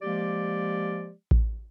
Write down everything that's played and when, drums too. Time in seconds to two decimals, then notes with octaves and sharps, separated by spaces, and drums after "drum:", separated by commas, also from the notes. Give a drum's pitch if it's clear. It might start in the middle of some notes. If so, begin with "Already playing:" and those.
0.02 F3 G#3 A#3 G4 D5
1.31 drum: kick A1